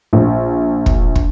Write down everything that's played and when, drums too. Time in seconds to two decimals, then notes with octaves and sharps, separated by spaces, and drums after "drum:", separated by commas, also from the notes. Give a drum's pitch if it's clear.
0.13 A#1
0.86 drum: kick
1.16 drum: kick